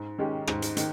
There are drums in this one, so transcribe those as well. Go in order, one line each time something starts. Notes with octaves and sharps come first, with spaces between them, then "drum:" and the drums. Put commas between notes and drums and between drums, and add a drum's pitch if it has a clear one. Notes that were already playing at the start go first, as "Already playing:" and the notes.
Already playing: G#2
D#3 G#3 C#4 G4
G#2, drum: rim click
drum: hi-hat
D#3, drum: hi-hat